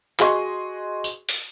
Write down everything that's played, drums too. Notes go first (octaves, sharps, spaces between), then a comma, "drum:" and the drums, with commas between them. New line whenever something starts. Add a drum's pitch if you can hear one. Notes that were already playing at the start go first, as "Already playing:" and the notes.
F#4 G#4 D#5 C6 C#6, drum: clap
drum: tambourine
drum: open hi-hat